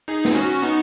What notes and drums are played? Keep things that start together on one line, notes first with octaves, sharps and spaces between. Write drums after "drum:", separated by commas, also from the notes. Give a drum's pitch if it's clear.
D#4 G#4
drum: snare
C#4 F#4
B3 D#4